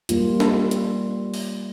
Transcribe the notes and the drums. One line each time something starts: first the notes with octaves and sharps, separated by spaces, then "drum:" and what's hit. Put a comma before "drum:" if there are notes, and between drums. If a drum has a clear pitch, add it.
G3 A#3 F4, drum: hi-hat
drum: snare
drum: hi-hat
drum: open hi-hat